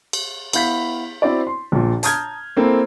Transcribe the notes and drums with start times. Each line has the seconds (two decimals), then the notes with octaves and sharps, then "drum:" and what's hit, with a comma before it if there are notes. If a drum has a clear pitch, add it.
0.13 drum: cymbal
0.53 B3 E4 F5 G6 B6, drum: cymbal
1.22 C4 E4 F#4 D5
1.47 C6
1.72 A#1 A#2
2.03 A5 A#5 D#6 F6 G6 G#6, drum: hi-hat
2.57 A#3 C4 E4 A4